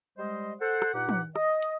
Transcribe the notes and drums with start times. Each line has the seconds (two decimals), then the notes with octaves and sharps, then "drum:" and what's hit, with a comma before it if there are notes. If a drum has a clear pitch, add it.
0.18 G3 G#3 C5 D#5
0.61 A4 C5 F#5
0.82 drum: rim click
0.94 G2 A#2 D#4 G4 F#5
1.09 drum: tom
1.36 D#5, drum: rim click
1.62 drum: hi-hat